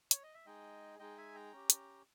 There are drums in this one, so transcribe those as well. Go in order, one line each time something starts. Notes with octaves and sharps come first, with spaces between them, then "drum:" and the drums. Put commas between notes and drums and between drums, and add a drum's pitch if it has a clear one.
C#5, drum: hi-hat
D#5
E5
G#3 D#4 G#4 D#5 G5
G#3 D#4 G#4 D#5 G5
E5 G#5
G5 A#5
C#4 G4
drum: hi-hat